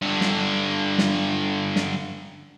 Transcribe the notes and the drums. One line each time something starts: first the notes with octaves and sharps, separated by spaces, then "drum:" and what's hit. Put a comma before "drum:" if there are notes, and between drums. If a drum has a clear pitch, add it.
G2 D3
drum: snare
drum: snare
drum: snare